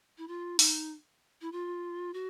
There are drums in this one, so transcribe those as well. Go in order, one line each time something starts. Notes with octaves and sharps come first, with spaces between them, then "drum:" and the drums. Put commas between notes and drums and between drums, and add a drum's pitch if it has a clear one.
E4
F4
D#4, drum: open hi-hat
E4
F4
F#4